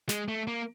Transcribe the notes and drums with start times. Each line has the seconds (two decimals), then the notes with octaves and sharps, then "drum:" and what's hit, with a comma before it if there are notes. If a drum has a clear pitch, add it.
0.09 G#3, drum: snare
0.28 A3
0.47 A#3